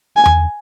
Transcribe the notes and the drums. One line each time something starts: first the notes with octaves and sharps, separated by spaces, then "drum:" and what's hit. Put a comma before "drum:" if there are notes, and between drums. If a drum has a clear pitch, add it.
G#5
drum: tom E2